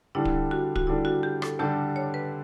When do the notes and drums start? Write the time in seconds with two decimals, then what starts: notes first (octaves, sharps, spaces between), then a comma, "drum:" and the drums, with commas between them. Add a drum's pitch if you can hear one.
0.15 D3 G3 D4 E4 A4
0.25 drum: kick D1
0.51 F#4
0.76 F#4, drum: kick D1
0.87 D3 G3 D4 E4 A4
1.05 F#4
1.23 G4
1.42 A4, drum: rim click
1.59 D3 G3 D4 G4 A4
1.96 C#5
2.14 B4